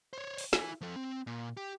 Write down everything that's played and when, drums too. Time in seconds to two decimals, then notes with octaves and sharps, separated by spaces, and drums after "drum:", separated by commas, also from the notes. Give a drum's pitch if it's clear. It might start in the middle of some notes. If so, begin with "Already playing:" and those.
0.13 C5 C#5
0.38 drum: open hi-hat
0.53 E4 G#5, drum: snare
0.81 F3 A4
0.96 C4
1.27 A#2
1.57 G4